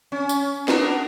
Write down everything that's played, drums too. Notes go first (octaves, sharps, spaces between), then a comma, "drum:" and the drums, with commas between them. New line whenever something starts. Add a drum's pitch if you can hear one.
C#4
drum: tambourine
B3 D4 A#4, drum: snare